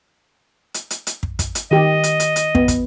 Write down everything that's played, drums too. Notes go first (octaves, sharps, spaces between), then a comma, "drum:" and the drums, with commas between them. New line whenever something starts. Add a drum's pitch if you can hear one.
drum: hi-hat
drum: hi-hat
drum: hi-hat
drum: kick
drum: kick, hi-hat
drum: hi-hat
D#3 G4 D#5
drum: hi-hat
drum: hi-hat
drum: hi-hat
B3, drum: kick
drum: kick, hi-hat